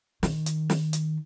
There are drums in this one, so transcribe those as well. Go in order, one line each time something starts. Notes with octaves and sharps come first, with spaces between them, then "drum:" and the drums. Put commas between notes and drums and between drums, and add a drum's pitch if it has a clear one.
D#3, drum: snare
drum: hi-hat
drum: snare
drum: hi-hat